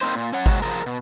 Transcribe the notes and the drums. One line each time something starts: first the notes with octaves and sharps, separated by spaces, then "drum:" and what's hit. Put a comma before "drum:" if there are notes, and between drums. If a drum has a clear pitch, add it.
A#3 C4 D#4 C5
A#2
C#4 C#5 F#5
F#3 G#3 F#4, drum: kick G#1
F3 G#4 A#4
B2